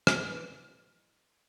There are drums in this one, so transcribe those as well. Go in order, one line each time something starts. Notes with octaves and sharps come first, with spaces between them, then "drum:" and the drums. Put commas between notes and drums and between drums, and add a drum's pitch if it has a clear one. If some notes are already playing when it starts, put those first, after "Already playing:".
G#3, drum: rim click
G#3
E3